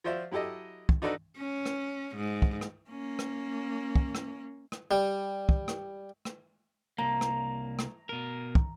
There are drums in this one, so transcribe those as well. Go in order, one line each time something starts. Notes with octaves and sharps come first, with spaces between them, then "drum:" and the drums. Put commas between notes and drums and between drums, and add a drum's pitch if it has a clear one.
F3 F4 F#4 C5 D5 E5
F#3 E4 G4 A4 D#5
drum: kick
D4 D#4 F#4 A4 B4 D5
C#4
drum: rim click
G#2
drum: kick
drum: rim click
A#3 C#4
drum: rim click
drum: kick
drum: rim click
drum: rim click
G3
drum: kick
drum: rim click
drum: rim click
C2 A#3 A#5
drum: rim click
drum: rim click
B2 A#4
drum: kick